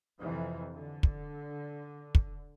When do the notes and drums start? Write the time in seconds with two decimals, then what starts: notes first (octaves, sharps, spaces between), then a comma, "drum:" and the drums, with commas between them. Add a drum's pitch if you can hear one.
0.20 F2 C3 E3
0.76 D3
1.03 drum: kick
2.15 drum: kick